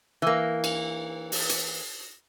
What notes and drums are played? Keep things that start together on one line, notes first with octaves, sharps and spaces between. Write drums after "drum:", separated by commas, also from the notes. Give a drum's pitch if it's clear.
E3 A#3
drum: cymbal
drum: open hi-hat
drum: hi-hat